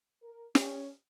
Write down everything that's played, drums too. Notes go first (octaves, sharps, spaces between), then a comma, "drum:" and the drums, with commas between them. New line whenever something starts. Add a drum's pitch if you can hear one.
A#4
C#4, drum: snare